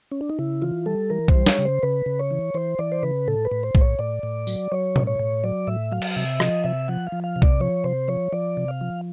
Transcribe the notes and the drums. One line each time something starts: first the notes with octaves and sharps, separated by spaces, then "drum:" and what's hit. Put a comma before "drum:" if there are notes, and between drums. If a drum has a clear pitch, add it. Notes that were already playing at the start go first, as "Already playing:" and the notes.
C#4
D4
D#4
C#3 E4
E3 F4
G3 A4
E3 A#4
C5, drum: kick B1
G3
C#5, drum: snare
C#3
C5
C#3 B4
C#3
C#5
E3
E3 C5
E3 D5
C5
C#3 B4
A2 A4
B4
A2
C5
A2, drum: kick B1
C#5
A2 D5
A2
F#3, drum: tambourine
F#3 C#5
A2, drum: tom B2
C#5
A2
F#3 D5
A2 E5
F#3 F5
drum: cymbal
F5
C3 E5
F3 D#5, drum: rim click
C3 E5
F3 F#5
F5
F3
F5
C3
D5, drum: kick B1
F3 C#5
C3 C5
F3 C#5
F3 D5
C3
F5
F3